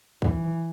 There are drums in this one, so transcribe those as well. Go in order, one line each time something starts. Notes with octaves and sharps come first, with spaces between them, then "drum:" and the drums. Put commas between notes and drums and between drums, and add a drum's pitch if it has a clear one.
E3, drum: kick